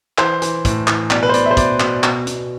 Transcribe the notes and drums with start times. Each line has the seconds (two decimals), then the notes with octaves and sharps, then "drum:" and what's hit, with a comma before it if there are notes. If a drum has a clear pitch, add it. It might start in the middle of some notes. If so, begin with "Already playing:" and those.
0.18 E3 C5, drum: clap
0.42 E3, drum: hi-hat
0.65 A2, drum: kick, hi-hat
0.87 E3, drum: clap
1.11 B2 D5, drum: clap
1.23 B4
1.29 C5
1.34 B2 D5, drum: hi-hat
1.46 E5
1.51 C5
1.57 B2 D5, drum: kick, hi-hat
1.80 B2, drum: clap
2.04 B2, drum: clap
2.27 B2, drum: hi-hat